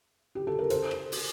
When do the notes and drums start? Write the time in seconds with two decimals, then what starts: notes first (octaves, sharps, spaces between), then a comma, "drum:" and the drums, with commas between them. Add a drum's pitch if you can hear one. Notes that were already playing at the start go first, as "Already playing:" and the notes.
0.35 G4
0.47 A4
0.59 A#4
0.70 A4 C5, drum: hi-hat
0.91 drum: rim click
1.12 drum: open hi-hat